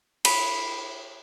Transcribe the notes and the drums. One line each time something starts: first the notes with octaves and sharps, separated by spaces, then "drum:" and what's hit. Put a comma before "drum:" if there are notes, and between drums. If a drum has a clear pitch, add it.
B5, drum: cymbal